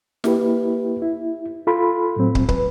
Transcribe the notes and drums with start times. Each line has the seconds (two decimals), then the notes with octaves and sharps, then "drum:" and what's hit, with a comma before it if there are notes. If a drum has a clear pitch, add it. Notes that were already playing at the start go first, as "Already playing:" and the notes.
0.24 A#3 E4 G4 B4, drum: snare
1.02 E4
1.67 F4 A4 B5 C6
2.16 A2 F#3 C4
2.35 drum: kick
2.49 B4, drum: kick